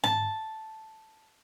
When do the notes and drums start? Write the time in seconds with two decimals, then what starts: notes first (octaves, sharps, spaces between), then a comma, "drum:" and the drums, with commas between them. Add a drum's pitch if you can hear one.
0.04 A5, drum: tom G#2